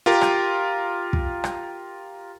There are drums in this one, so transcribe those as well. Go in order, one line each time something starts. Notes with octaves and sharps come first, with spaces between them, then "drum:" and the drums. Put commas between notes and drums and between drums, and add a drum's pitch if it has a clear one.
F4 G4 A#4
drum: rim click
drum: kick
drum: rim click